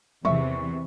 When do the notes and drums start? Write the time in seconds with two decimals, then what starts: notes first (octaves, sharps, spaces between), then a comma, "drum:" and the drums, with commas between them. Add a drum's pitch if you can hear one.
0.25 E2 C3 E3 E5 C#6, drum: tom D#3